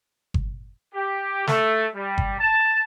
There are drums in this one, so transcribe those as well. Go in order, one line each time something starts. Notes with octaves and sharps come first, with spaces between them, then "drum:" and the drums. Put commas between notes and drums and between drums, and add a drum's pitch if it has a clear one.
drum: kick G1
G4
A3, drum: snare
G3
drum: kick G1
A5